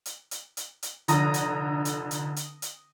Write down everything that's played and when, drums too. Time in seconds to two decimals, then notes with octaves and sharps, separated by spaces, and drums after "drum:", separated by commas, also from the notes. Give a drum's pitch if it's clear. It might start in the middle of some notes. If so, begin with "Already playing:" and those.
0.06 drum: hi-hat
0.31 drum: hi-hat
0.57 drum: hi-hat
0.82 drum: hi-hat
1.08 F1 D3 F3 A#5 D#6 A#6, drum: hi-hat
1.34 drum: hi-hat
1.85 drum: hi-hat
2.11 drum: hi-hat
2.36 drum: hi-hat
2.62 drum: hi-hat